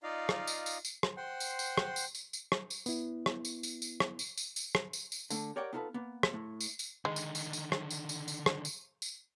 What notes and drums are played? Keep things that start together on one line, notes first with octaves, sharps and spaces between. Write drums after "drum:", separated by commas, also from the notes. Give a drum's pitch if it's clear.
D#4 F4 D5 D#5 F5
drum: rim click
drum: tambourine
drum: tambourine
drum: tambourine
drum: rim click
C5 F#5 G5 C6
drum: tambourine
drum: tambourine
drum: rim click
drum: tambourine
drum: tambourine
drum: tambourine
drum: rim click
drum: tambourine
B3 E4, drum: tambourine
drum: rim click
drum: tambourine
drum: tambourine
drum: tambourine
drum: rim click
drum: tambourine
drum: tambourine
drum: tambourine
drum: rim click
drum: tambourine
drum: tambourine
D3 A3, drum: tambourine
G4 A#4 C#5 D5 F#5 G5
B3 D#4 F4 F#4 A4 B4
A#3 B3
drum: rim click
A2
drum: tambourine
drum: tambourine
D3 D#3 G#3
drum: tambourine
drum: tambourine
drum: tambourine
drum: rim click
drum: tambourine
drum: tambourine
drum: tambourine
drum: rim click
drum: tambourine
drum: tambourine